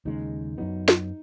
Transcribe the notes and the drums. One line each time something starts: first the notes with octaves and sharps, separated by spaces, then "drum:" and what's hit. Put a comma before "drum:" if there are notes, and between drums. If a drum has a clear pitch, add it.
D#2 C#3 G#3 D#4
F#2 F#3 B3 D#4
drum: snare